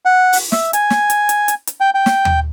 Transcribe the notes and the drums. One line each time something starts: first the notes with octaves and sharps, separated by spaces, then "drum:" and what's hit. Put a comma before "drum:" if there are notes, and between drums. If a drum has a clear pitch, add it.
F#5
drum: open hi-hat
E5, drum: snare
G#5, drum: hi-hat
drum: snare
drum: hi-hat
drum: hi-hat
drum: hi-hat
drum: hi-hat
G5
G5
drum: snare
drum: tom